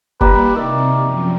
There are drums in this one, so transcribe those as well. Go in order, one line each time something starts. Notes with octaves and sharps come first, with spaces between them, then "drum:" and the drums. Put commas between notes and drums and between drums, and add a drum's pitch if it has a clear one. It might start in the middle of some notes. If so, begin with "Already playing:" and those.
G3 A#3 E4 G4 B4 D5 G5, drum: kick
C3 D#3 D5 E5
F#2 F3